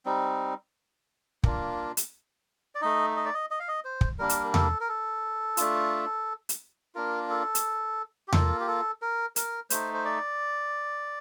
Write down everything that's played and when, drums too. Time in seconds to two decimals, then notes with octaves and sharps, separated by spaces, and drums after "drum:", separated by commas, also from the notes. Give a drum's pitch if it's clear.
0.05 G3 C4 D#4
1.43 A#3 D4 F4, drum: kick
1.97 drum: hi-hat
2.75 D5
2.82 A3 D#4 D#5
3.16 D#5
3.25 D5
3.34 D#5
3.51 D#5
3.60 F5
3.68 D#5
3.85 C5
4.01 drum: kick
4.19 G3 A#3 D4 A#4
4.29 drum: hi-hat
4.54 A4, drum: tom E2
4.81 A#4
4.89 A4
5.57 A3 D4 F4, drum: hi-hat
6.49 drum: hi-hat
6.95 A#3 D4 F4 A#4
7.30 A4
7.55 drum: hi-hat
8.28 G4
8.33 A#3 F4 A4, drum: tom E2
8.60 G4
8.67 A4
9.02 A#4
9.36 A#4, drum: hi-hat
9.70 A3 D#4 C5, drum: hi-hat
9.94 C5
10.05 D5